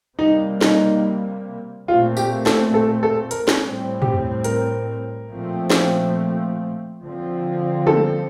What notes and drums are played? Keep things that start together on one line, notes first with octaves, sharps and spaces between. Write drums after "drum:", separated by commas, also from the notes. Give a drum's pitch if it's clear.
C3 G3 A#3 D#4
D#4, drum: snare
A#2 A3 C4 F4
G4, drum: tambourine
A4, drum: snare
A4
A4
A#4, drum: hi-hat
drum: snare
A2 G3 C4
G4, drum: tom
A#4, drum: hi-hat
A#2 F3 A3 C4
drum: snare
D3 F3 C4
A4, drum: tom